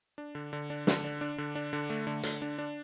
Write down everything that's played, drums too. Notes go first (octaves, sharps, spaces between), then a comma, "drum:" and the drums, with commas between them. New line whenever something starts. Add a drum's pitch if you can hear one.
D4
D3
D3
D4
D3, drum: snare
D4
D4
D3
D4
D3
A3
D3
D3, drum: hi-hat
D4
D4